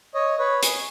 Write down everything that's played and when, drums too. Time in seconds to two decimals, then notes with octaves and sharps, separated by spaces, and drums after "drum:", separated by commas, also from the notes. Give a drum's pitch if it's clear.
0.14 C#5 D#5
0.39 B4 C#5
0.63 G#4, drum: hi-hat